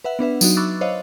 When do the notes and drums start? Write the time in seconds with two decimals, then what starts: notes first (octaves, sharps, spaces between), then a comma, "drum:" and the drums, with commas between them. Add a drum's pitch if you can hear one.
0.04 B4 E5 F#5
0.19 B3 D4 B4 E5
0.41 F#3 D#4 F#4, drum: tambourine
0.57 B5 C#6 D6 E6 F#6 A6
0.81 C5 C#5 D#5 F5